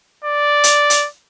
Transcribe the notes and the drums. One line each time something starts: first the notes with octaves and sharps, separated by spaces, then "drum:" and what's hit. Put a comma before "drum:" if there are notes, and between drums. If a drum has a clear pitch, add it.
D5
drum: hi-hat
drum: hi-hat